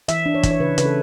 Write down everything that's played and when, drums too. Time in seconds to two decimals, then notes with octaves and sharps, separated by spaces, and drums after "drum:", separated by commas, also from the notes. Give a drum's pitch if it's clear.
0.08 E3 E5, drum: hi-hat
0.26 D4
0.34 C#5
0.43 E3, drum: kick, hi-hat
0.51 C#5
0.60 C#3 B4
0.78 C#3 B4, drum: hi-hat
0.85 A4